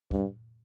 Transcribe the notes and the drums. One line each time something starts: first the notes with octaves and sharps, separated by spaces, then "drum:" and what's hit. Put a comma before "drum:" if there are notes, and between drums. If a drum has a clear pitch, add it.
G2, drum: kick